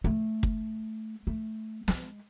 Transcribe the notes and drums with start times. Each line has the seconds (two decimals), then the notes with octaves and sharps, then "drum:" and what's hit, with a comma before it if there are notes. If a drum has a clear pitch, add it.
0.04 A3
0.43 drum: kick
1.27 A3
1.88 G#3, drum: snare